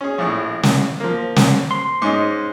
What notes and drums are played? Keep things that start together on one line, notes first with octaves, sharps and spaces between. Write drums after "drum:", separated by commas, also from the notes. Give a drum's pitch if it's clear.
C#4 G#4
A#1 A2 C#6
drum: snare
F3 A#3
drum: snare
C6
G#2 C#4 D#5